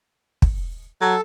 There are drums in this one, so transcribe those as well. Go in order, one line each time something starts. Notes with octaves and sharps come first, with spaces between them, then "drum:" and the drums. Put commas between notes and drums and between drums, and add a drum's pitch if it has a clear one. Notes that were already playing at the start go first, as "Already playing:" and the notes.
drum: kick
F#3 A4